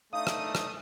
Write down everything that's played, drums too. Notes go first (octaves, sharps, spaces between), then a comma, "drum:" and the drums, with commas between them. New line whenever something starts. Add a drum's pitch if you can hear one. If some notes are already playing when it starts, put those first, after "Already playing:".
A3 D4 D#4 E5 F5 D#6
drum: rim click
drum: rim click